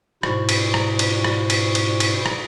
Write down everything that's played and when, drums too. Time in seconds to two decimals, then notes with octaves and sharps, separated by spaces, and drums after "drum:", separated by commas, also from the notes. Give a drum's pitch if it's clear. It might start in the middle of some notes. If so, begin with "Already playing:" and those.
0.23 G#2 B2 E4 C5 C#6, drum: rim click
0.49 drum: cymbal
0.74 drum: rim click
0.99 drum: cymbal
1.24 drum: rim click
1.50 drum: cymbal
1.75 drum: cymbal
2.00 drum: cymbal
2.26 drum: rim click